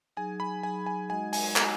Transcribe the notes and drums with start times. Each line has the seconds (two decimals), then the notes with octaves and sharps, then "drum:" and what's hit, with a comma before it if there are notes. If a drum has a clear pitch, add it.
0.17 F#3 D#4 G#4 G#5
0.40 B5
0.63 F#3 D#4 G#4 G#5
0.86 G#5
1.09 G#3 D#4 F#4 D#5 F#5 G#5
1.33 G#5, drum: open hi-hat
1.56 G#3 D#4 F#4 D#5 F#5, drum: clap